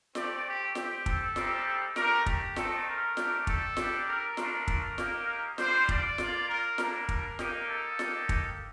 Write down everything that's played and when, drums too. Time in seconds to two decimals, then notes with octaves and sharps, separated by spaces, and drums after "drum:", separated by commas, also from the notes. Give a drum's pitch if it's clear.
0.15 A3 C4 G4 D5, drum: snare
0.46 G4
0.75 C4 G4, drum: snare
1.06 A4, drum: kick
1.36 G3 C4 D#4 G4, drum: snare
1.96 A3 D4 G4 A#4, drum: snare
2.26 G4, drum: kick
2.56 A3 C4 D#4 A4, drum: snare
2.86 A#4
3.17 A3 D4 G4, drum: snare
3.47 A4, drum: kick
3.77 G3 D4 G4, drum: snare
4.08 A#4
4.37 A3 D4 F4 A#4, drum: snare
4.68 drum: kick
4.98 A#3 D#4 G4, drum: snare
5.58 G3 D4 F4 C5, drum: snare
5.89 D5, drum: kick
6.18 A#3 F4, drum: snare
6.48 A#4
6.78 G3 A#3 D4 A#4, drum: snare
7.09 drum: kick
7.39 A#3 D#4 G4, drum: snare
7.69 A4
7.99 A#3 D#4 G4, drum: snare
8.29 drum: kick